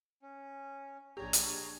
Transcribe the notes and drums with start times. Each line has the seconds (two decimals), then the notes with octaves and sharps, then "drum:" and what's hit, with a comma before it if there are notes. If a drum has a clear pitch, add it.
0.22 C#4
1.17 A#1 D4 G4 G#4 C#5 A#5 C#6
1.33 drum: hi-hat